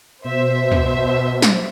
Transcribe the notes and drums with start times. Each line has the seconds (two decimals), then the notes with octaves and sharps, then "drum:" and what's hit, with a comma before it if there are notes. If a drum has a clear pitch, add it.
0.25 B2 C5 E5
0.72 drum: tom
1.42 drum: snare